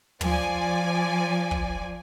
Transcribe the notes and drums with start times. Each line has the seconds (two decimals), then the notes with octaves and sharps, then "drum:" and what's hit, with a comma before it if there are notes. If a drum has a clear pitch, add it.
0.21 F3 D5 G#5, drum: tom
1.51 drum: kick